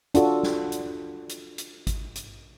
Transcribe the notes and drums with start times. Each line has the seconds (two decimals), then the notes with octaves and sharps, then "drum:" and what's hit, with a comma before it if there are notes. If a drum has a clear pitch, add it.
0.14 D4 F4 F#4 A4, drum: hi-hat
0.43 drum: snare
0.72 drum: hi-hat
1.29 drum: hi-hat
1.58 drum: hi-hat
1.87 drum: kick G#1, hi-hat
2.16 drum: hi-hat